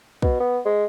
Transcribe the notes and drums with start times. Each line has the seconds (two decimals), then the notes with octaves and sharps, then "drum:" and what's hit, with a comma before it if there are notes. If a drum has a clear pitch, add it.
0.22 B2, drum: kick
0.40 B3
0.65 G#3